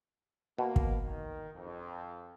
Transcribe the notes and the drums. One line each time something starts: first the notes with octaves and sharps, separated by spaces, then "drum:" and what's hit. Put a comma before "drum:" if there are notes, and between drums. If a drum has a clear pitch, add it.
B2 A#3
drum: kick
D#3
F2